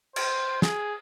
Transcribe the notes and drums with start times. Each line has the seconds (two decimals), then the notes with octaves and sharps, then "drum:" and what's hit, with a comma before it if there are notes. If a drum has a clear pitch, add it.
0.16 C5, drum: cymbal
0.62 G#4, drum: snare